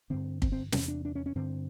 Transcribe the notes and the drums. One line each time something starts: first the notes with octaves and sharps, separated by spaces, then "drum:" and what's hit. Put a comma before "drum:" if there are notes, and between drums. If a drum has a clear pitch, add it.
G2 D3 C4
C4, drum: kick
C4
E2 C3 C#4, drum: snare
D4
D4
C#4
C#4
G2 D3 C4